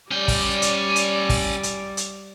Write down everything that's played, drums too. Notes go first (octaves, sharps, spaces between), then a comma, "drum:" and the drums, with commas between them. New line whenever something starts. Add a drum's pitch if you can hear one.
G3 C#4 D5 G5
drum: kick, open hi-hat
drum: hi-hat
drum: hi-hat
drum: kick, open hi-hat
drum: hi-hat
drum: hi-hat